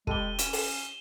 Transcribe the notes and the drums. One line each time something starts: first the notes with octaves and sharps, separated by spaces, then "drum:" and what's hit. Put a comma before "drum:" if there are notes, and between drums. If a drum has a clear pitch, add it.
G#3 G4 A4 D#7 G7, drum: kick
C#4 E7, drum: hi-hat
drum: open hi-hat